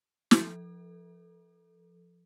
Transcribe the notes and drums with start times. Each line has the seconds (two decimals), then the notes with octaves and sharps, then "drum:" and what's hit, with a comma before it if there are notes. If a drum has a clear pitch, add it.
0.31 F3 A4, drum: snare